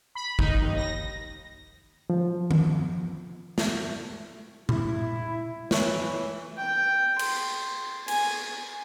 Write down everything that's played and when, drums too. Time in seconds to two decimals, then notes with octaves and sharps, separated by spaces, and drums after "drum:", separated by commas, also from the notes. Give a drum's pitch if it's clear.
0.15 B5
0.39 D#4, drum: kick
0.62 D#2
0.76 A#6
2.10 F3
2.51 drum: tom D#3
3.58 drum: snare
4.69 E4, drum: tom A#2
5.71 E3 C#5 C#6, drum: snare
6.58 G5
7.19 C6, drum: cymbal
8.08 G#5, drum: cymbal